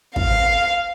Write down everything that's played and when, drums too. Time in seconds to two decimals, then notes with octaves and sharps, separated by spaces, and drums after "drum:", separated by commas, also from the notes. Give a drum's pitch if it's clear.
0.16 F5, drum: kick